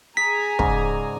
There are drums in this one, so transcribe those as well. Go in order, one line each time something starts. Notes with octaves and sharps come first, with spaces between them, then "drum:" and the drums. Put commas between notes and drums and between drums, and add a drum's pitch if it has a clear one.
G#4 G#5 A#5 B6
G#2 C#3 G#4 C5 D5, drum: kick